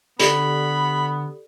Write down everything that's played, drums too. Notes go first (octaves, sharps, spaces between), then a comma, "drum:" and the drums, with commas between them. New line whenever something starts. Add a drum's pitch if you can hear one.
D3 B3 G4 A4 D5 B5, drum: hi-hat